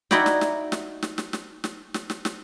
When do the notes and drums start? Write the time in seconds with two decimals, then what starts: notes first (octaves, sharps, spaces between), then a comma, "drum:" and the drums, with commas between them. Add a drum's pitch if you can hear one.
0.11 D#4 E4 F#4 D5 G5, drum: snare
0.26 drum: snare
0.41 drum: snare
0.72 drum: snare
1.03 drum: snare
1.18 drum: snare
1.33 drum: snare
1.64 drum: snare
1.94 drum: snare
2.10 drum: snare
2.25 drum: snare